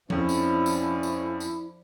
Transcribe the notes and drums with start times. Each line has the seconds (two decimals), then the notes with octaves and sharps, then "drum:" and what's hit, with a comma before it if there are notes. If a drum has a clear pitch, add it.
0.10 F2 D3 F3 C#4 D4 E4, drum: tom F3
0.29 drum: tambourine
0.66 drum: tambourine
1.03 drum: tambourine
1.40 drum: tambourine